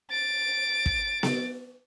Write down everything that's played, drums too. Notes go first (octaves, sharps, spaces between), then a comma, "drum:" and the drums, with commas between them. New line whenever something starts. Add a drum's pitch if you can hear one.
A6 D7
drum: kick
drum: snare B3